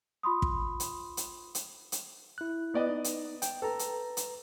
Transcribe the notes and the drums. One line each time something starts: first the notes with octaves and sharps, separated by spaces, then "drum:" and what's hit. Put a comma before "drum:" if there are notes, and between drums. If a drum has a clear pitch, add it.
F4 B5 C6 D#6
drum: kick
drum: hi-hat
drum: hi-hat
drum: hi-hat
drum: hi-hat
E4 F#6
B3 D5 D#5
D#4
drum: hi-hat
G5, drum: hi-hat
A4 B4 A#5
drum: hi-hat
drum: hi-hat